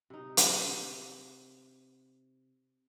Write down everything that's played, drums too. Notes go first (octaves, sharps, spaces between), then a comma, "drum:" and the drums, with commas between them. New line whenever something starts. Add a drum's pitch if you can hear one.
C3 D#4
drum: hi-hat